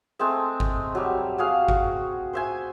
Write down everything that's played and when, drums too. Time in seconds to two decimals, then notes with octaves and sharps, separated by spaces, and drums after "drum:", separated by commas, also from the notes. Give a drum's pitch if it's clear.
0.19 G#3 A3 C4 E5
0.60 drum: kick G#1
0.95 F#3 G3
1.38 F#4 G#4 F5
1.69 F#4, drum: kick G#1
2.33 C5 E5 G#5